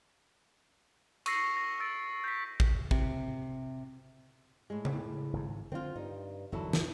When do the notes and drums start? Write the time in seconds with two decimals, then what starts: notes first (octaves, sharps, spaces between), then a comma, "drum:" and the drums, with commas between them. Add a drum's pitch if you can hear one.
1.26 C#6 E6 A#6 C7 C#7, drum: cymbal
1.57 A#6
1.80 E6 A6 D7
2.24 G6 B6
2.60 drum: kick
2.91 C3, drum: kick
4.70 A2 G#3
4.85 drum: tom C#3
5.33 G#1 G#2
5.72 D3 F3 C4 F4
5.96 G2 D#4
6.52 G1 E2 D#3 F#3 E4 A4
6.73 drum: snare